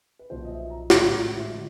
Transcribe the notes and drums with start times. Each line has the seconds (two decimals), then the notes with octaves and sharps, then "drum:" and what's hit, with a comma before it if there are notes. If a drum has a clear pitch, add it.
0.19 B4
0.30 B1 A#2 F3 C5
0.45 D#5
0.50 E5
0.70 A#5
0.90 A1 G#2 D#3 F#3 B5, drum: snare
1.11 A#5
1.31 E5
1.51 D3 F3 D#5